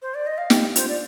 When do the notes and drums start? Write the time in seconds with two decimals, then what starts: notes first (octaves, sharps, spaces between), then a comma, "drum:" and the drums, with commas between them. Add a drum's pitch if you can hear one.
0.02 C5
0.15 D5
0.26 D#5
0.38 F5
0.50 D#4 G4 G5, drum: snare
0.76 D4 F4 C5, drum: hi-hat
0.89 D5